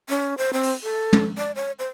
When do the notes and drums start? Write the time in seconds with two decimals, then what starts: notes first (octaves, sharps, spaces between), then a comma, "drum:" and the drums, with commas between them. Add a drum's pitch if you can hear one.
0.09 C#4
0.38 C5
0.53 C4
0.63 drum: open hi-hat
0.83 A4
1.13 drum: tom
1.38 D5
1.56 C#5
1.79 C5